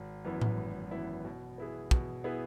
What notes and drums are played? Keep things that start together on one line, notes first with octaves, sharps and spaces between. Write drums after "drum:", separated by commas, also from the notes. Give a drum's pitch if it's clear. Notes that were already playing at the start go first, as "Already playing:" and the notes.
Already playing: G#1
F#2 E3 B3 E4
drum: tom A2
G#1
F#2 E3 B3 E4
B2
B3 E4 G#4
B2, drum: kick
B3 E4 G#4